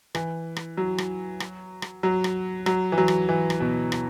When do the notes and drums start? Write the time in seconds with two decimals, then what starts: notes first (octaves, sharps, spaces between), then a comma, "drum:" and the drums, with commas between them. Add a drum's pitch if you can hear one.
0.15 E3, drum: rim click
0.56 drum: rim click
0.77 F#3
0.98 drum: rim click
1.40 drum: rim click
1.82 drum: rim click
2.03 F#3
2.24 drum: rim click
2.66 F#3, drum: rim click
2.92 E3
2.98 F#3
3.08 drum: rim click
3.29 E3
3.50 drum: rim click
3.60 B2
3.92 drum: rim click